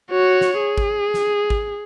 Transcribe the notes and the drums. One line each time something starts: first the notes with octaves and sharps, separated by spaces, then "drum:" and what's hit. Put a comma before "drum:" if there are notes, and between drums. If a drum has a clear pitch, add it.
F#4 C#5
drum: snare
G#4
drum: kick G#1
drum: snare
drum: kick G#1